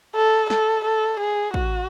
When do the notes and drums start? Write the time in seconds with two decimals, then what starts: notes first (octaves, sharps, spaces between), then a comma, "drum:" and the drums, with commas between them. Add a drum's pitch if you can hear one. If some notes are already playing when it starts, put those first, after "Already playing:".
0.15 A4
0.50 A4, drum: snare
0.85 A4
1.19 G#4
1.54 F#4, drum: kick